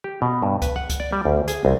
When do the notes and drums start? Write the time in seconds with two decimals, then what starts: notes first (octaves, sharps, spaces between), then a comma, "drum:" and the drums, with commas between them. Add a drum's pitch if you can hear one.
0.04 G4
0.22 B2
0.43 G2
0.62 B4, drum: kick C#2, hi-hat
0.76 F#5
0.90 drum: kick C#2, hi-hat
1.00 D5
1.13 G3
1.25 D2
1.48 G#4, drum: hi-hat
1.65 C2